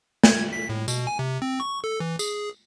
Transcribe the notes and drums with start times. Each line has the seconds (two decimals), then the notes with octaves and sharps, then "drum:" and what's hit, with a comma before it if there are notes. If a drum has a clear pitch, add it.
0.23 G#6, drum: snare
0.53 B6
0.69 A2
0.88 B2, drum: tambourine
1.07 G#5
1.19 C3
1.42 C4
1.60 C#6
1.84 A4
2.00 E3
2.19 G#4, drum: tambourine